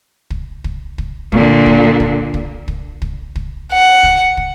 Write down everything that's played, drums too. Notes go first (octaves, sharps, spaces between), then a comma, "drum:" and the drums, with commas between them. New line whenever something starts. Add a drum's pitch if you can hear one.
drum: kick
drum: kick
drum: kick
A#2 D3, drum: kick
drum: kick
drum: kick
drum: kick
drum: kick
drum: kick
drum: kick
F#5
drum: kick
drum: kick